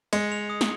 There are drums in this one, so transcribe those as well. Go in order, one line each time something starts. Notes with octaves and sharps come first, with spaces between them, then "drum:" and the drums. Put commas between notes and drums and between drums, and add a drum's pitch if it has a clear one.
G#3 C#7, drum: cymbal
F7
D#6
drum: snare